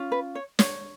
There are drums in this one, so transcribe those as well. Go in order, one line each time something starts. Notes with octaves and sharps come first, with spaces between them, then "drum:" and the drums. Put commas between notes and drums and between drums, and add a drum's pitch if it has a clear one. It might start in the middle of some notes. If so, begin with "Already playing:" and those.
Already playing: C#4 F4
B4
C#5
C#5, drum: snare